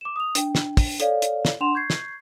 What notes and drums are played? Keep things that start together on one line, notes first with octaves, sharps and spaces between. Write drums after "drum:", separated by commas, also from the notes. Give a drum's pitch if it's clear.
D6 E7
D#6 F7
D4 G5, drum: hi-hat
drum: snare
drum: kick, open hi-hat
A4 C#5 D5 F5, drum: hi-hat
drum: hi-hat
drum: snare
D4 F#5 C6 E7 F7
C#6 G6 G#6 C7
drum: snare